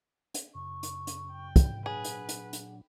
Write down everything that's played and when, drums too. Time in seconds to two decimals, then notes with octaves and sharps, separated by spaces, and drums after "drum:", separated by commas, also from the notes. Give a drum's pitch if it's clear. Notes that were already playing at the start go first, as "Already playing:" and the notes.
0.34 drum: hi-hat
0.55 F#2 C#3 C#6
0.83 drum: hi-hat
1.07 drum: hi-hat
1.32 G5
1.56 drum: kick, hi-hat
1.86 A#2 F#3 D4 G#4 B4 F#5
2.04 drum: hi-hat
2.29 drum: hi-hat
2.53 drum: hi-hat